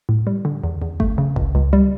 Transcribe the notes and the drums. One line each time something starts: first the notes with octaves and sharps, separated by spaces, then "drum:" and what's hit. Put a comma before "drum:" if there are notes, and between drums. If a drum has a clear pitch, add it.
A2
G3
D3
E2
E2
A3, drum: kick G1
C#3
C#2, drum: kick G1
C#2
G3